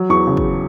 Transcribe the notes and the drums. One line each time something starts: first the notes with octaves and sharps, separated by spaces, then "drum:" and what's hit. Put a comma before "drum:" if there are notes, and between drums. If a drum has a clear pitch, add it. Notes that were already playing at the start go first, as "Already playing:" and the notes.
Already playing: F#3
E2 C#6
C#3
drum: kick